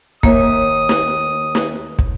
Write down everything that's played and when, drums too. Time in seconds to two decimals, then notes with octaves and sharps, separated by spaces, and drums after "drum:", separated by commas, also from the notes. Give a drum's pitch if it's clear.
0.23 D#2 A#3 E5 D#6, drum: kick
0.89 drum: snare
1.55 drum: snare
1.99 drum: kick